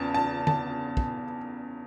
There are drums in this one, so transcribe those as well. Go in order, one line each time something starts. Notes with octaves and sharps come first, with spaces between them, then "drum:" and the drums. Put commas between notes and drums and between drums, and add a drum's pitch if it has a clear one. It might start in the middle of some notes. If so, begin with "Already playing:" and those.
Already playing: E2 C#3 A5
A5
A5, drum: tom
drum: kick